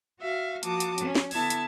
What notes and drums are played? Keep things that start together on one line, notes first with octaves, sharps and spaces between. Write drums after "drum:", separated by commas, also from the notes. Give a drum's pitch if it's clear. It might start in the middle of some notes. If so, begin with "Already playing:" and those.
F#4 E5 F5
F3 A#3 F#4 A5 D6 D#6, drum: hi-hat
drum: hi-hat
C#4, drum: hi-hat
drum: snare
D3 B3 E4 A5 E6 G#6, drum: open hi-hat
drum: hi-hat